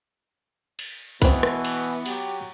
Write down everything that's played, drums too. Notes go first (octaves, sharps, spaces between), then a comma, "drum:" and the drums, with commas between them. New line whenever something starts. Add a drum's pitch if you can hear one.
drum: cymbal
B2 E3 B3 C4 B4, drum: kick B1, cymbal
drum: rim click
drum: cymbal
F#3 G4, drum: cymbal